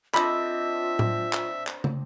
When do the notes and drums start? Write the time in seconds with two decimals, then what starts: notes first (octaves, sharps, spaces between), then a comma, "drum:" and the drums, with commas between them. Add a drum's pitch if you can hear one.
0.14 C4 D4 F4 D#5 E5 B5, drum: clap
0.99 drum: tom A2
1.33 drum: clap
1.67 drum: clap
1.84 drum: tom